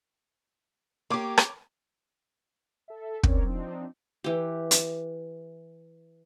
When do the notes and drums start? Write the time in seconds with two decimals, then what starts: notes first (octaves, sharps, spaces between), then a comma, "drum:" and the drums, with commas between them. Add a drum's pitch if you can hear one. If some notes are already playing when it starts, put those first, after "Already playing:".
1.10 A#3 G4 C#5 D6
1.38 drum: rim click
2.88 A4 E5
3.23 C4 C#4 A#4 C#5 D5, drum: kick
3.44 F3 C4 D4 D#4
4.24 E3 G4
4.71 drum: hi-hat